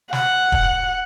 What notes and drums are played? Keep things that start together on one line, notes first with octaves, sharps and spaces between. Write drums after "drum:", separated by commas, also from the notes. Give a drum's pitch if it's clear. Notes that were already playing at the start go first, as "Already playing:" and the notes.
F#5, drum: snare
drum: kick